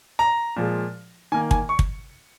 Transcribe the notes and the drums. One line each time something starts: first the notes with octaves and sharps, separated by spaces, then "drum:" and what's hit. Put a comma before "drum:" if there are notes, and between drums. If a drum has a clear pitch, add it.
A#5
A#2 F3 G#3
D#3 A#3 G#5
G#5, drum: kick
C#6
drum: kick